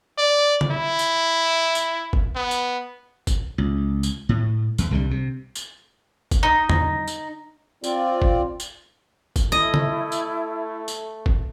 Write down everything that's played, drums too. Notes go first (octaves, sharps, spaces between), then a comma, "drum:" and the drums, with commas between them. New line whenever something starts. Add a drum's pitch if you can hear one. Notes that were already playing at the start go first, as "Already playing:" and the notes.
D5
drum: tom C#3
E4
drum: tambourine
drum: tambourine
drum: kick G1
B3
drum: tambourine
drum: kick G1, tambourine
C#2
drum: tambourine
A2
E2, drum: tambourine
C2 D3 D#3 G3
C3
drum: tambourine
drum: kick G1, tambourine
D#4
drum: tom
drum: tambourine
C4 F4 D5, drum: tambourine
drum: kick G1
drum: tambourine
drum: kick G1, tambourine
A3 E4 D#5
drum: tom C#3
drum: tambourine
drum: tambourine
drum: kick G1